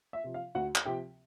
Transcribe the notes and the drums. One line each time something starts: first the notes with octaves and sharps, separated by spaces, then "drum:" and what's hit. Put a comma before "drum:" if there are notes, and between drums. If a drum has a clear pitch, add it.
E5
C3 F3
F5
D2 F#4 F#5
drum: clap
C3 F3 G4 G5